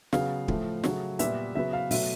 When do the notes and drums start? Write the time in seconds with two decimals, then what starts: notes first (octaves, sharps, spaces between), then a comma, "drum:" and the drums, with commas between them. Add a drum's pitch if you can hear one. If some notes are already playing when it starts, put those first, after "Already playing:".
0.13 C#3 F#3 B3 F5, drum: snare
0.48 A2 F3 A3, drum: kick
0.84 C#3 F#3 A3, drum: snare
1.19 A#2 G3 B3 E5, drum: hi-hat
1.55 C#3 F#3 B3 E5
1.73 F5
1.91 B2 F#3 A3 E5, drum: open hi-hat